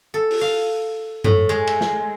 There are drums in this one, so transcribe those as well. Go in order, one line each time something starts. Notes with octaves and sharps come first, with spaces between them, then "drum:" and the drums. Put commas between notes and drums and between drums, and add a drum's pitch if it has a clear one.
A4
drum: open hi-hat
F5
A2, drum: tom F#2
G#3
drum: cymbal
drum: snare